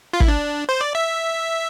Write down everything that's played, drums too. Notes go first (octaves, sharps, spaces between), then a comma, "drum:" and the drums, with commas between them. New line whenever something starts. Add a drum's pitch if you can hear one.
F4
E4, drum: kick
D4
C5
D5
E5